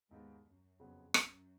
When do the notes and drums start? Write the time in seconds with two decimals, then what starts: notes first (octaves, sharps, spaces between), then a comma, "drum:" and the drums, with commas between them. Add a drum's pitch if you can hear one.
0.11 D#2 G#2 D#3 G#3 B3
0.46 F#2
0.79 F2 C#3 F#3 B3
1.14 F#2, drum: rim click